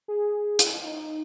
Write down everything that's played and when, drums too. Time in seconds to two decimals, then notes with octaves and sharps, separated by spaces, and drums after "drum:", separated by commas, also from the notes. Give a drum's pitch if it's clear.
0.08 G#4
0.59 drum: hi-hat
0.84 D#4